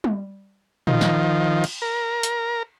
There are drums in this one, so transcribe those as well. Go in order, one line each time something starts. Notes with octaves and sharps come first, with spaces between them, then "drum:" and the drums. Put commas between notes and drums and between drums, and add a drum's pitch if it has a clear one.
drum: tom G3
D#3 F3, drum: tom A#2
drum: snare
drum: cymbal
A#4
drum: hi-hat